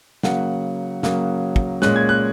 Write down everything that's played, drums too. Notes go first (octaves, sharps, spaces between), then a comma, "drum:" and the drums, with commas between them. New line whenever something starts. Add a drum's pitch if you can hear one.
C#3 F#3 A#3 F#5, drum: snare
C#3 F#3 A#3, drum: snare
drum: kick
A#2 G#3 C#4 F#6, drum: snare
G#6
F#6